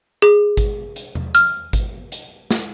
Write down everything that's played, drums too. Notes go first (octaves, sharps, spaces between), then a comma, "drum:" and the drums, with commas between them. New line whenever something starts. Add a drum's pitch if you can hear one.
G#4
drum: kick G#1, hi-hat
drum: hi-hat
drum: tom
F6, drum: hi-hat
drum: kick G#1, hi-hat
drum: hi-hat
drum: snare